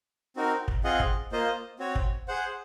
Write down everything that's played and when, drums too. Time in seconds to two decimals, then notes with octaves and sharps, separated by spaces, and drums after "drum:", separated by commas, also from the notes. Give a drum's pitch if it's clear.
0.36 C4 D#4 F#4 A#4
0.68 drum: kick
0.84 C4 F4 G#4 D#5 F#5
1.00 drum: kick
1.32 A#3 F4 C5 D#5
1.79 C4 F#4 C#5
1.95 drum: kick
2.28 G#4 C5 F#5